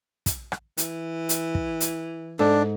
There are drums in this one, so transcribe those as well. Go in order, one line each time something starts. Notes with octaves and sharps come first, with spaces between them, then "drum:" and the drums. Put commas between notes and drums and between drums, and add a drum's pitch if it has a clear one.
drum: kick, hi-hat
drum: rim click
E3, drum: hi-hat
drum: hi-hat
drum: kick
drum: hi-hat
G#2 D4 A4